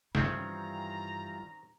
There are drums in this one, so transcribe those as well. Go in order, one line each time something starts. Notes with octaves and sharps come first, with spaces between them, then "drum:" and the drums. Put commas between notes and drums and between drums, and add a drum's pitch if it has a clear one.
G2 D#3 E3 G3 C4 C#4 F4 A#5, drum: snare